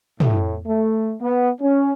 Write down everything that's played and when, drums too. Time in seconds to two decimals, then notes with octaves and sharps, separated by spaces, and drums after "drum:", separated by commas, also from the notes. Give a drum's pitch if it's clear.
0.20 A2, drum: tom
0.66 A3
1.21 B3
1.61 C#4